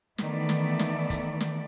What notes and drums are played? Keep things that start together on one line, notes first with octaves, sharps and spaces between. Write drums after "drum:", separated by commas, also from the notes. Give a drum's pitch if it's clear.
D#3 E3 A3 B3 D5, drum: snare
drum: snare
drum: snare
drum: kick, hi-hat
drum: snare